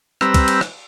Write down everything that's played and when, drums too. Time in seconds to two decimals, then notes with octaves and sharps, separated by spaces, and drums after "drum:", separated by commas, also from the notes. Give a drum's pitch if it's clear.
0.21 G3 C4 B4 A#5 E6, drum: rim click
0.34 drum: kick, cymbal
0.48 drum: cymbal
0.61 drum: rim click